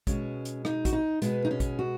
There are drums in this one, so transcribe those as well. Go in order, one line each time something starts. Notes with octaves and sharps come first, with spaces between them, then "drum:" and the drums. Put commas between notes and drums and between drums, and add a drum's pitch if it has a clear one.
B2 G#3 C#4, drum: kick, hi-hat
drum: hi-hat
D#4, drum: rim click
F#4, drum: kick, hi-hat
D#4
B2 G#3 B3, drum: hi-hat
D#4
C#4
drum: kick, hi-hat
F#4